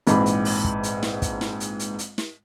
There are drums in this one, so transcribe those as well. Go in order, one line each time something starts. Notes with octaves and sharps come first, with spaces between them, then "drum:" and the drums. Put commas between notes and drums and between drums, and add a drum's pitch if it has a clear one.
A#1 G#2 E3 C4 B5 D6, drum: hi-hat
drum: hi-hat
drum: open hi-hat
drum: kick
drum: hi-hat
drum: snare
drum: kick, hi-hat
drum: snare
drum: hi-hat
drum: hi-hat
drum: hi-hat
drum: snare